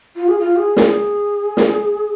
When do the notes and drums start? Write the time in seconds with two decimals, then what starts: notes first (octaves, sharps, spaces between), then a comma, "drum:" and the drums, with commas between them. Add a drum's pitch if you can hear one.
0.16 F4
0.28 G#4
0.39 F4
0.57 G#4
0.77 drum: snare
1.57 drum: snare